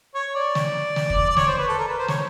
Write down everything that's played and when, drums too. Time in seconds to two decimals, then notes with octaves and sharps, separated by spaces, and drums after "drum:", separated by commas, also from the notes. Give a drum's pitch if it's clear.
0.14 C#5
0.35 D5
0.55 drum: snare
0.96 drum: snare
1.10 drum: kick
1.30 D5
1.37 C#5, drum: snare
1.47 C5
1.57 B4
1.68 A4
1.79 A#4
1.88 B4
1.99 C5
2.08 C#5, drum: snare